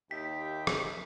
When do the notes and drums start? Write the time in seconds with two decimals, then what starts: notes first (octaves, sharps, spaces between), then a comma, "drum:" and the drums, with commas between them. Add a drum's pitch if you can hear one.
0.11 D#2 D#4 G4 E5 G5 B6
0.67 drum: rim click